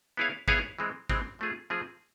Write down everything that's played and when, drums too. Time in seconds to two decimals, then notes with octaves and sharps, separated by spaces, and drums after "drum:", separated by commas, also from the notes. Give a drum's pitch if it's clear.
0.17 B3 E4 G#4 C#5 F5
0.48 B3 E4 G#4 C#5 F5, drum: kick
0.79 E3 G#3 C4
1.09 E3 G#3 C4, drum: kick
1.39 F3 A3 C4 F4 G#4
1.70 F3 A3 C4 F4 G#4